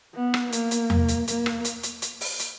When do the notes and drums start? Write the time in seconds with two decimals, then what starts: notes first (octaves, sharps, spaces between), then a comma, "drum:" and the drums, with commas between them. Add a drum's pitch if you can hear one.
0.15 B3
0.34 drum: rim click
0.53 A#3, drum: hi-hat
0.71 drum: hi-hat
0.90 drum: tom E2
1.09 drum: hi-hat
1.28 A#3, drum: hi-hat
1.46 drum: rim click
1.65 drum: hi-hat
1.83 drum: hi-hat
2.02 drum: hi-hat
2.21 drum: open hi-hat
2.40 drum: hi-hat